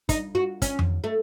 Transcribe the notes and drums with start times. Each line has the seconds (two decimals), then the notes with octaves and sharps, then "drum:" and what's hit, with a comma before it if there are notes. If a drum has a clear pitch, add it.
0.09 D#4, drum: kick, hi-hat
0.35 F#4
0.62 C#4, drum: kick, hi-hat
0.79 drum: tom F2
1.04 A3